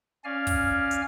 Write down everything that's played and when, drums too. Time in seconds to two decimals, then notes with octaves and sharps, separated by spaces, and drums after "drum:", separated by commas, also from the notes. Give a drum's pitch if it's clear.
0.25 C#4 D5 F5 G#5 F6
0.47 drum: kick, open hi-hat
0.91 drum: hi-hat